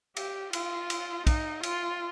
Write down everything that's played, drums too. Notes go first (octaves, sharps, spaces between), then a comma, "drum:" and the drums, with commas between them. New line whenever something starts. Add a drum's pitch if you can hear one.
G4, drum: cymbal
F4, drum: cymbal
drum: cymbal
D#4, drum: kick, cymbal
F4, drum: cymbal